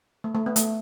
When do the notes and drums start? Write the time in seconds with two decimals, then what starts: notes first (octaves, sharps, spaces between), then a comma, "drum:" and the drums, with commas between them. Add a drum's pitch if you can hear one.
0.24 A3
0.35 A3
0.46 B3
0.56 A3, drum: hi-hat